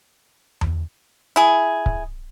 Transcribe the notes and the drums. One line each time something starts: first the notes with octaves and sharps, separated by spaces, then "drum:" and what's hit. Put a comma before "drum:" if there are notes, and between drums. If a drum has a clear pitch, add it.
drum: tom E2
E4 G#4
drum: kick C#1